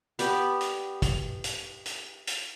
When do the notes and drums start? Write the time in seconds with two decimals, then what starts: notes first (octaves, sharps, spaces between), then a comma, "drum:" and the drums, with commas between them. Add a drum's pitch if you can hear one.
0.19 B3 G4 D5 B5, drum: hi-hat
0.61 drum: hi-hat
1.02 drum: kick, hi-hat
1.44 drum: hi-hat
1.86 drum: hi-hat
2.27 drum: hi-hat